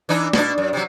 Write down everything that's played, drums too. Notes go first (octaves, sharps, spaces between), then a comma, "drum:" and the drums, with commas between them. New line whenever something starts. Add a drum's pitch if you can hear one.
E3 D4 D#4
B2 D4, drum: snare
F#2
C3 F#3